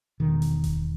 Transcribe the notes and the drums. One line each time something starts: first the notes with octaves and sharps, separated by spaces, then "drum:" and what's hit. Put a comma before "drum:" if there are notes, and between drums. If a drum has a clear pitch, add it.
E1 E2 B2 D#3
drum: hi-hat
drum: kick E1, hi-hat